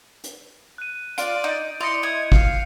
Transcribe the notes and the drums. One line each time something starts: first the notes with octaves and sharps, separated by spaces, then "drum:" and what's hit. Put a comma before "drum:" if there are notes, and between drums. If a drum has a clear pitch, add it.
drum: hi-hat
F#6 D#7
F4 D5 D7, drum: hi-hat
D#4 G6
E4 D5 D#5 C6 C#7 F7
D#6 G#6
F5, drum: kick G#1